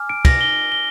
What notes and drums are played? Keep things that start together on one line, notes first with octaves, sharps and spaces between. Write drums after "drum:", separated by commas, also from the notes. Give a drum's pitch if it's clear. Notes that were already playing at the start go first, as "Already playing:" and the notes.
Already playing: G#5 D6 F6
D7
A#6, drum: kick, cymbal
G7
G7